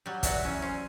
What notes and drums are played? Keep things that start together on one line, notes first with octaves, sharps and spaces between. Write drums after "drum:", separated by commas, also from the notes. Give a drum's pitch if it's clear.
F#3 G3
E3 F#3 F#4 B4 D5 E5, drum: kick, hi-hat
A2 C#4 E4
C#4 C5